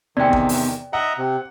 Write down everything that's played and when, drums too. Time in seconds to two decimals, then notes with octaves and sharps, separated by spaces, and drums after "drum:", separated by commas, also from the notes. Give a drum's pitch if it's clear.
0.17 E2 C3 D#3 D5 G5
0.33 drum: kick
0.49 drum: open hi-hat
0.93 D#5 E5 F#5 A#5
1.18 C3